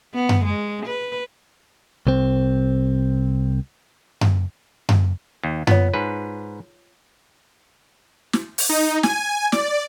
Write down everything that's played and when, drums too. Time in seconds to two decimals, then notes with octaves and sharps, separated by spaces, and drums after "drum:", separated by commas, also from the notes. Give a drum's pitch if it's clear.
0.15 B3
0.29 drum: tom F#2
0.44 G#3
0.86 B4
2.07 C2 C4
4.21 drum: tom F#2
4.89 drum: tom F#2
5.43 D#2
5.67 B3 F4 C#5, drum: tom F#2
5.94 G#2 B4
8.33 drum: snare
8.58 drum: open hi-hat
8.69 D#4
9.03 G#5, drum: snare
9.52 D5, drum: snare